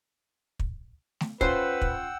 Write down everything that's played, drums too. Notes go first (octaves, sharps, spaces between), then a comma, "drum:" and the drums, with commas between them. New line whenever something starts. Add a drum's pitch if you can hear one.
drum: kick
drum: snare A3
C#4 F4 B4 C5 F#5 G5 E6, drum: kick
drum: kick